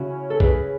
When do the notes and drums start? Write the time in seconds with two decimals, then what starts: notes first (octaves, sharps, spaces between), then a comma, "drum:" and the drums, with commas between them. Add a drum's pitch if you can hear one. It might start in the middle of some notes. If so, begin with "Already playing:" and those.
Already playing: C#3 C#4 E4 F#4
0.30 A4
0.40 G#4 B4, drum: kick